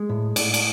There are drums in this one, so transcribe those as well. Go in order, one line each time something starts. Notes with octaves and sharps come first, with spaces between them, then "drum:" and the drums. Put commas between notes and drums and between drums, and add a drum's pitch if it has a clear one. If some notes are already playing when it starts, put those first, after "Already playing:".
Already playing: G#3
A2
A2 D5, drum: cymbal
drum: cymbal